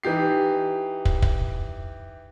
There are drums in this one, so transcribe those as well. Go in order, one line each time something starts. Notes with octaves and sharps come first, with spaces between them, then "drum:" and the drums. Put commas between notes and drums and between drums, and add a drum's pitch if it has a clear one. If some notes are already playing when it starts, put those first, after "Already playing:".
E3 D#4 G4 C7
drum: kick
drum: kick